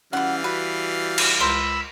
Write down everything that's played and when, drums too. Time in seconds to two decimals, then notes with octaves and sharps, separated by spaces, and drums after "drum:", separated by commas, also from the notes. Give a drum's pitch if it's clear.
0.13 B2 E3 G3 C#4 F5 F#5
0.44 F#4 B4
1.18 drum: cymbal
1.40 C#2 A#4 C5 B5 E6